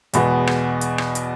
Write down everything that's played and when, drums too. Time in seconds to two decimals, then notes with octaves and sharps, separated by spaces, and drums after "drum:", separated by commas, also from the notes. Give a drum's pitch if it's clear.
0.13 E2 B2 G#3 B3, drum: hi-hat
0.47 drum: rim click
0.81 drum: hi-hat
0.98 drum: rim click
1.15 drum: hi-hat